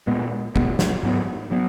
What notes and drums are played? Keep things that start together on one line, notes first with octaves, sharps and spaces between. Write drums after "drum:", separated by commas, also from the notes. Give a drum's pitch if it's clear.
A#2 G#3 B3
A#2 G#3 B3, drum: kick
drum: snare
G#2 F#3 B3
F#3 B3